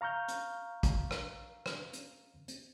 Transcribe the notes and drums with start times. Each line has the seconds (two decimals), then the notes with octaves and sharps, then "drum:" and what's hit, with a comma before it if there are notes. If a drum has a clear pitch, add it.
0.01 F5 A#5 C#6 F6 G6
0.28 drum: hi-hat
0.83 drum: kick, hi-hat
1.11 drum: rim click
1.66 drum: rim click
1.93 drum: hi-hat
2.48 drum: hi-hat